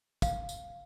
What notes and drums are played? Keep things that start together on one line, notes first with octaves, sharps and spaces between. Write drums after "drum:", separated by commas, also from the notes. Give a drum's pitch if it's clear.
F5, drum: kick, tambourine
drum: tambourine